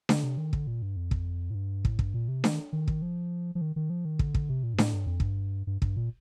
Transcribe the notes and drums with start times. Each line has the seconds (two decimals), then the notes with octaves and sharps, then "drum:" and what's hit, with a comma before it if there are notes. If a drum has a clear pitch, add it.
0.09 D3, drum: snare D4
0.23 C3
0.38 D#3
0.53 D3, drum: kick
0.67 A#2
0.82 G2
0.96 F2
1.11 drum: kick
1.50 A2
1.55 G2
1.85 A2, drum: kick
1.99 G2, drum: kick
2.14 A#2
2.28 C3
2.44 D#3, drum: snare D4
2.73 D#3
2.88 drum: kick
3.02 F3
3.55 F3
3.61 D#3
3.76 D#3
3.90 F3
4.05 D#3
4.19 D3, drum: kick
4.35 drum: kick
4.49 C3
4.63 A#2
4.74 G2
4.78 A2, drum: snare D4
4.93 G2
5.07 F2
5.20 G2, drum: kick
5.67 G2
5.82 G2, drum: kick
5.96 A#2